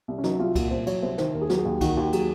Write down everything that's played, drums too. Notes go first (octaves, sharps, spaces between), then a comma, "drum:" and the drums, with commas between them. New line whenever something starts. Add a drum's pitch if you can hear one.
C2
C#4
F#3 D#4, drum: snare
C2 F4
A#2 F#4, drum: kick C2, cymbal
C2 C5
F#3 C#5, drum: cymbal
C2 C5
D#3 C5, drum: snare
D#2 A#4
G#4
F#3 F#4, drum: snare
G#4
D#2
D#3 F#4, drum: kick C2, cymbal
D#2 F#4
F#3 G#4, drum: cymbal